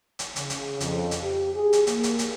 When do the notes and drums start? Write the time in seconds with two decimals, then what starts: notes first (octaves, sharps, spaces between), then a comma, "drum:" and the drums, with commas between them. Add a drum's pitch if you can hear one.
0.19 drum: hi-hat
0.36 C#3, drum: hi-hat
0.50 drum: hi-hat
0.80 F2, drum: hi-hat
1.11 drum: hi-hat
1.23 G4
1.54 G#4
1.73 drum: hi-hat
1.87 A#3, drum: hi-hat
2.03 drum: hi-hat
2.19 drum: hi-hat